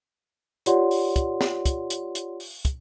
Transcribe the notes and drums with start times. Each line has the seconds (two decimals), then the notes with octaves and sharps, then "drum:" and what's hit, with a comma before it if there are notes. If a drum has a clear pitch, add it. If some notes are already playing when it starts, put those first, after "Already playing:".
0.66 F4 G4 C#5 D5 F#5 C6, drum: hi-hat
0.91 drum: open hi-hat
1.16 drum: kick, hi-hat
1.41 drum: snare
1.65 drum: kick, hi-hat
1.90 drum: hi-hat
2.15 drum: hi-hat
2.40 drum: open hi-hat
2.65 drum: kick, hi-hat